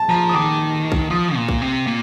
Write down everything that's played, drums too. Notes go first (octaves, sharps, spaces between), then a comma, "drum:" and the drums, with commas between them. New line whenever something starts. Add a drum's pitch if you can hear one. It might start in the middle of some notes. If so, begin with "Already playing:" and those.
Already playing: A5
F3 A#5
D#6
D#3 D6
drum: kick B1
F3 D#6
A#2
drum: kick B1
C3
A#2